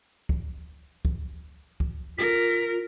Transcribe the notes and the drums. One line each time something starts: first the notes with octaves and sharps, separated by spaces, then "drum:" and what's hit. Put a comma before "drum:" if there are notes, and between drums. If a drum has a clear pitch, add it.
drum: kick
drum: kick
drum: kick
F4 A#4 B6